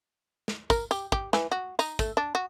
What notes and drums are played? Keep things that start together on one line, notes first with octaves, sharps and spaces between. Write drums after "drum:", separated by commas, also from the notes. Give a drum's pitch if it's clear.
drum: snare
A#4, drum: kick, tambourine
G4, drum: tambourine
G4, drum: kick
E3, drum: snare
F#4
D#4, drum: tambourine
A3, drum: kick, tambourine
D4
F#4